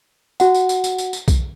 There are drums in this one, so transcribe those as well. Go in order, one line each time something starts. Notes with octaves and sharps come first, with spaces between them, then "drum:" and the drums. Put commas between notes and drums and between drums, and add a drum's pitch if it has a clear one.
F#4 F#5, drum: tambourine
drum: tambourine
drum: tambourine
drum: tambourine
drum: tambourine
drum: tambourine
drum: kick B1, tambourine